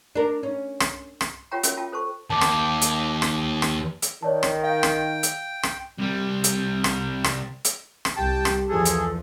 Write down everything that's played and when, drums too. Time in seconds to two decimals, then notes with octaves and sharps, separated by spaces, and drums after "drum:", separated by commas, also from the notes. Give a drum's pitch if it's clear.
0.16 D4 A#4
0.43 C#4
0.80 drum: rim click
1.21 drum: rim click
1.51 F4 G4 C#5 F#5 G5 A#5
1.63 C#4 F#4 A#4 C#5 E5, drum: hi-hat
1.77 F4 G5 A5
1.92 A4 C5 A5 C#6
2.30 D#2 A5 D6
2.41 drum: rim click
2.82 drum: hi-hat
3.22 drum: rim click
3.62 drum: rim click
4.02 drum: hi-hat
4.22 D#3 C#5 D5 A5
4.43 drum: rim click
4.63 F5 G5
4.83 drum: rim click
5.23 drum: hi-hat
5.63 drum: rim click
5.99 C2 G3
6.44 drum: hi-hat
6.84 drum: rim click
7.24 drum: rim click
7.65 drum: hi-hat
8.05 drum: rim click
8.17 C2 G4 G5 A5
8.45 drum: rim click
8.69 E2 F3 G#4 A4
8.85 drum: hi-hat